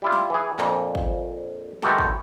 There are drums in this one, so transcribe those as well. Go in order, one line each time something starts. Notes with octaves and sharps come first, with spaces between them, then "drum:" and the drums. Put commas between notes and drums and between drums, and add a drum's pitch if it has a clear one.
G3 E4 F4
drum: snare
E3 G#4
A#1 F2 A#2, drum: clap
drum: kick
D#3 E3 G#3 F#4 G4 A4, drum: snare
drum: kick